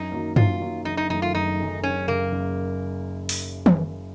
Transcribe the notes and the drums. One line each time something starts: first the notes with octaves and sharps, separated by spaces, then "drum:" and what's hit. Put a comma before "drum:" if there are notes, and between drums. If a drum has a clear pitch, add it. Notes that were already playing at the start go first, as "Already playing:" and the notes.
Already playing: F#2 D#4
D#3 F#3 A#3
F#2 F4, drum: tom
D#3 F#3 A#3
F#1 D#4
D#4
F#2 D#3 A3 D#4
F4
F#1 D#4
F#2 D#3 A3
F#1 C#4
F#2 C#3 A#3
F#1
drum: open hi-hat
drum: tom D#3